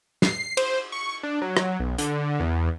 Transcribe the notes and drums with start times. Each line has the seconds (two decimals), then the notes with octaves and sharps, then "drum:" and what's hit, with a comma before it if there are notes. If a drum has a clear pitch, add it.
0.22 C7, drum: snare
0.57 C5, drum: cymbal
0.92 C#6
1.23 D4
1.42 F#3
1.57 drum: rim click
1.80 B1
1.98 D3, drum: hi-hat
2.40 E2